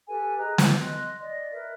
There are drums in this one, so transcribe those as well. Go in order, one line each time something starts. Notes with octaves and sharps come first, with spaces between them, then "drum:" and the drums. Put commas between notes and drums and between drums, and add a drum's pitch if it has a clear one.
G4 A4 B4 G#5
G#4 B4 D#5 A#5
G6, drum: snare
D#5 C6 F#6
D5 D#5
A#4 B4 E5